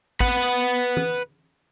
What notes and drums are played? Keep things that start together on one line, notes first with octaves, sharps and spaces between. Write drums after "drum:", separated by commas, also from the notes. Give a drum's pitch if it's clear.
B4 F#5, drum: kick G#1
drum: tom E3